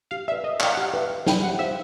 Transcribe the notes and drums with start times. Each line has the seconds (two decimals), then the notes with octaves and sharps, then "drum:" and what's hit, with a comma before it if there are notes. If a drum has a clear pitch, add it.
0.11 G4 F5
0.28 B4 D5 E5
0.44 A#4 D#5
0.60 D5 F5 G5 A#5, drum: clap
0.72 F#5
0.77 G4 F5
0.94 B4 E5
1.10 B4
1.26 E5 G5 B5, drum: snare
1.43 G4 F#5
1.59 C5 E5 F5